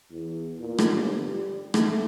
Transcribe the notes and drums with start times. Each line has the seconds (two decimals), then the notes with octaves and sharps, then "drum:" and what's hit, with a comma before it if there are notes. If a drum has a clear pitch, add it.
0.11 E2
0.59 A#2
0.78 drum: rim click
0.90 G1
1.24 G3
1.74 A3, drum: rim click